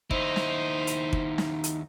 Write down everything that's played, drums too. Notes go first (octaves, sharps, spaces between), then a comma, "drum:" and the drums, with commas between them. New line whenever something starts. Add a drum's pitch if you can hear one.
D#2 D#4 E4 C5, drum: kick
drum: snare
drum: hi-hat
drum: kick
drum: snare
drum: hi-hat